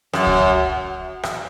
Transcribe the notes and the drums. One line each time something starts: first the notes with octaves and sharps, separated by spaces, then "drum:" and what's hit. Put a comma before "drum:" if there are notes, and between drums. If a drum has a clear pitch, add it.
F#2, drum: rim click
drum: kick C#2
drum: rim click